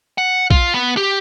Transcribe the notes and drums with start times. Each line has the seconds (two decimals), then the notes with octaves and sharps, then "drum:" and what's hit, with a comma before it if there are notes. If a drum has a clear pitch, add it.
0.18 F#5
0.51 F4, drum: kick B1
0.74 B3
0.97 G4